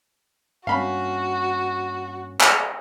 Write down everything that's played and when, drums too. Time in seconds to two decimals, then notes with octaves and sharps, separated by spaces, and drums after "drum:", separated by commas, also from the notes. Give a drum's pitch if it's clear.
0.67 G2 A#3 C#4 F#4 F5 B5
2.41 drum: clap